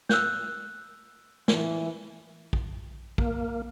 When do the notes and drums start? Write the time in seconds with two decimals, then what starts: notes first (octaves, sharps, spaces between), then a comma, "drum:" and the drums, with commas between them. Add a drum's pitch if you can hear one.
0.09 E6 F#6 G6, drum: snare
1.48 E3, drum: snare
2.53 drum: kick
3.18 A#3, drum: kick